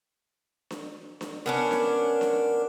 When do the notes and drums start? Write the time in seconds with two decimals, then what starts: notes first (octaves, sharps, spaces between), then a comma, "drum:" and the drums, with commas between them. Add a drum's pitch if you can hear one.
0.71 drum: snare D4
1.21 drum: snare D4
1.46 B3 C#4 D4 A#4
1.71 drum: snare D4
2.21 drum: snare D4